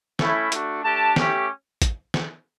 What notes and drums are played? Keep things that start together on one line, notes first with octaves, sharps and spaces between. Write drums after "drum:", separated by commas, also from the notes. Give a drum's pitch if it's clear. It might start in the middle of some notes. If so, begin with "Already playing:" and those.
A3 C#4 E4, drum: snare
A3 D4 F#4, drum: hi-hat
A3 D4 G4 A5
A3 C#4 G4, drum: snare
drum: kick, hi-hat
drum: snare